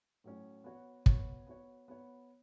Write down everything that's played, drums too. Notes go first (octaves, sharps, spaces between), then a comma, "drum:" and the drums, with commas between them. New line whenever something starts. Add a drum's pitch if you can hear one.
A2 F#3 C#4
B3 F#4 C#5
B3 F#4 C#5, drum: kick
B3 F#4 C#5
B3 F#4 C#5